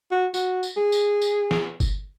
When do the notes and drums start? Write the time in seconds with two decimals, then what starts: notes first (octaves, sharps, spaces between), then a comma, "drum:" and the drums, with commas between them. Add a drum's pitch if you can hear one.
0.11 F#4
0.34 F#4, drum: tambourine
0.63 drum: tambourine
0.77 G#4
0.92 drum: tambourine
1.22 drum: tambourine
1.51 drum: snare
1.80 drum: kick G1, tambourine